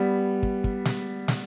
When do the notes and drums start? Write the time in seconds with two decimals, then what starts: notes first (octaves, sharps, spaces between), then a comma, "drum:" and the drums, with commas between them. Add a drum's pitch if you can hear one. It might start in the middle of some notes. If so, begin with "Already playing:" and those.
Already playing: G3 B3
0.43 drum: kick
0.64 drum: kick
0.85 drum: snare
1.28 drum: snare